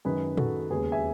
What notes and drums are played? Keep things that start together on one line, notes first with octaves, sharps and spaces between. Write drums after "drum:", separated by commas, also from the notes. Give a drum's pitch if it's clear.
F#2 D#3 G#3 G#4 B4
F#4 A4, drum: tom
E1 D#2 C#3 G#4 B4
E5 G#5